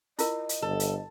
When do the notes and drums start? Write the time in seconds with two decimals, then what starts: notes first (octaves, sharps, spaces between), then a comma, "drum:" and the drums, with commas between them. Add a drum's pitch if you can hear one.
0.19 E4 F4 A#4 D#5, drum: hi-hat
0.49 drum: hi-hat
0.62 G1 A4
0.80 drum: hi-hat